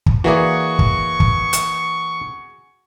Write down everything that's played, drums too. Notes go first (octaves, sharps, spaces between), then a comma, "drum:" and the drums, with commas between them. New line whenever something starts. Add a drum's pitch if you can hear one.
drum: kick
E3 A#3 F#4 G#4 D5 C#6
drum: kick
drum: kick
drum: hi-hat